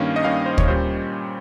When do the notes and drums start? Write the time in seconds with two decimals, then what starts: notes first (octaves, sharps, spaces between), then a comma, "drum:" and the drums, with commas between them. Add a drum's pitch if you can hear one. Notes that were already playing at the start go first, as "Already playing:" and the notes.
Already playing: G2 D#3 A#3 C#4 F5
0.16 D#5
0.24 G2 D#3 A#3 C#4 F5
0.46 C5
0.58 C#5, drum: kick
0.67 A#2 G3 C#4 C5